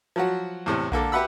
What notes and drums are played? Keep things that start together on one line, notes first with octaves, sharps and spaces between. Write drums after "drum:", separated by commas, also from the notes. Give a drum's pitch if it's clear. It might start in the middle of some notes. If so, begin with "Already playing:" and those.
F3 F#3 F#4
E2 A2 C3
D3 A#3 A4, drum: kick A#1
G4 B4 E5 F#5 B5 E6